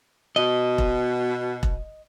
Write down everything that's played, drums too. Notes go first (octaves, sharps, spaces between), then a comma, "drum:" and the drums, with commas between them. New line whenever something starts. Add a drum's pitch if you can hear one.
B2 D#5
drum: kick E1
drum: kick E1